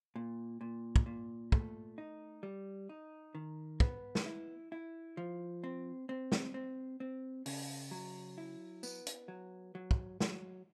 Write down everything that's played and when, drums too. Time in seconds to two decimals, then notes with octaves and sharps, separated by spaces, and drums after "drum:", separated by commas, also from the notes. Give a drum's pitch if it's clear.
0.16 A#2
0.61 A#2
0.96 drum: kick
1.06 A#2
1.52 A3, drum: kick
1.98 D#4
2.43 G3
2.89 D#4
3.35 D#3
3.80 B3, drum: kick
4.15 drum: snare
4.26 E4
4.72 E4
5.17 F3
5.64 C4
6.09 C4
6.32 drum: snare
6.54 C4
7.00 C4
7.46 C#3, drum: open hi-hat
7.91 F#3
8.38 E4
8.83 B3, drum: tambourine
9.07 drum: hi-hat
9.28 F#3
9.75 F#3
9.91 drum: kick
10.20 F#3, drum: snare